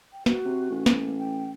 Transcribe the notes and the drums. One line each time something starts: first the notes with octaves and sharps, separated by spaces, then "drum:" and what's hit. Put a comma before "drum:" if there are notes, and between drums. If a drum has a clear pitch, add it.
G5
F#4, drum: snare
C3
A1
drum: snare
A#3
G5